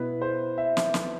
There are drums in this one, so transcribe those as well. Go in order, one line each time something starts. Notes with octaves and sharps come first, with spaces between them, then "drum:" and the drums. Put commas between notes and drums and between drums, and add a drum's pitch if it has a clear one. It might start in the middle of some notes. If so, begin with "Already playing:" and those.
Already playing: B2 B3 E4 B4
C5
E5
drum: snare
E5, drum: snare